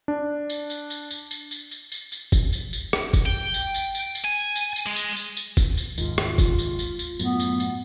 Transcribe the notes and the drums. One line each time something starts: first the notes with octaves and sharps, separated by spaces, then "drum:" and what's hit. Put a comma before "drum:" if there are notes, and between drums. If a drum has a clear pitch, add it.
D4
drum: tambourine
drum: tambourine
drum: tambourine
drum: tambourine
drum: tambourine
drum: tambourine
drum: tambourine
drum: tambourine
drum: tambourine
drum: kick, tambourine
drum: tambourine
drum: tambourine
drum: rim click
drum: kick, tambourine
G5
drum: tambourine
drum: tambourine
drum: tambourine
drum: tambourine
G#5
drum: tambourine
drum: tambourine
G#3
drum: tambourine
drum: tambourine
drum: tambourine
drum: kick, tambourine
drum: tambourine
D#2 G#2 F4, drum: tambourine
drum: rim click
drum: kick, tambourine
drum: tambourine
drum: tambourine
drum: tambourine
F#2 A2 F#3 B3, drum: tambourine
drum: tambourine
drum: tambourine